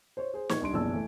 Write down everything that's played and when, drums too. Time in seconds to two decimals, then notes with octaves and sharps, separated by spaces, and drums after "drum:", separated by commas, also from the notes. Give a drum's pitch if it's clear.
0.17 C5 C#5
0.34 G#4 C5
0.49 A#2 C#6 G#6, drum: snare
0.61 C2 D4 C6 D7
0.73 F#1 B2 E3 D5 A5 E6
0.93 E3 A3